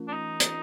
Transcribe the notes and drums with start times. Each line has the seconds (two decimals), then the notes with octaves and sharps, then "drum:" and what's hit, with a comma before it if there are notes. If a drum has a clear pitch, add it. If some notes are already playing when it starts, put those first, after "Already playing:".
Already playing: E3 A3 C#4 F4 A#4
0.08 D4
0.13 D#4
0.40 drum: hi-hat